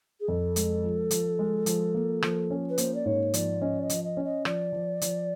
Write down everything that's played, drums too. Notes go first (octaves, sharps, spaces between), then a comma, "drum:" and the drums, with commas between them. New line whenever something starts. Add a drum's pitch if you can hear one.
G#4
F2 A4
G#3, drum: hi-hat
F3
F3, drum: hi-hat
G#3
F3, drum: hi-hat
A#3
F3, drum: rim click
C#4
B4
A#3 C5, drum: hi-hat
D5
G#2 C#5
F3 D5, drum: hi-hat
C#4 D#5
D5
D#5
F3, drum: hi-hat
D#5
C#4
D#5
F3 D5, drum: rim click
F3
F3, drum: hi-hat